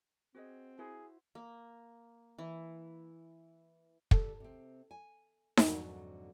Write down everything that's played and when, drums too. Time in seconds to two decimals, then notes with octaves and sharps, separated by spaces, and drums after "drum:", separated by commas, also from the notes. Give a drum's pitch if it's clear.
0.35 C4 F#4 G#4 D#5
0.79 E4 F#4 G#4 C5
1.35 A#3
2.38 E3
4.11 G3 A4, drum: kick
4.40 C3 C4
4.91 G#5
5.57 F2 G#2 D3 F#3, drum: snare D#4